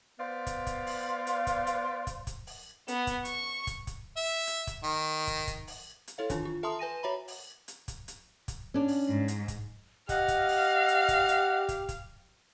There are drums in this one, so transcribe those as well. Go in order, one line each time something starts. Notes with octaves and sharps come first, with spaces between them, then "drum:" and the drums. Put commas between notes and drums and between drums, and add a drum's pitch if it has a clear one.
B3 C5 D5 F5
drum: kick, hi-hat
drum: kick, hi-hat
drum: open hi-hat
drum: hi-hat
drum: kick, hi-hat
drum: hi-hat
drum: kick, hi-hat
drum: kick, hi-hat
drum: open hi-hat
B3, drum: hi-hat
drum: kick, hi-hat
C#6, drum: hi-hat
drum: kick, hi-hat
drum: kick, hi-hat
E5
drum: hi-hat
drum: kick, hi-hat
D#3
drum: kick, hi-hat
drum: kick, hi-hat
drum: open hi-hat
drum: hi-hat
E4 A4 C#5 F5
D#3 E3 D4 F4, drum: kick, hi-hat
F4
A4 E5 A5 A#5 C6 D#6
B4 G#5 A#6 D#7
F#4 C#5 E5 A#5 B5
drum: open hi-hat
drum: hi-hat
drum: kick, hi-hat
drum: hi-hat
drum: kick, hi-hat
C#4 D4
drum: open hi-hat
G#2
drum: hi-hat
drum: kick, hi-hat
G4 D#5 F5 F#5, drum: kick, hi-hat
drum: kick, hi-hat
drum: open hi-hat
drum: hi-hat
drum: kick, hi-hat
drum: hi-hat
drum: kick, hi-hat
drum: kick, hi-hat